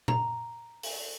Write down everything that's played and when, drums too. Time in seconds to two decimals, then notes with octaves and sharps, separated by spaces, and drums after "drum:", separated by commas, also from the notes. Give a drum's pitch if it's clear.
0.08 A#5, drum: tom A#2
0.83 drum: open hi-hat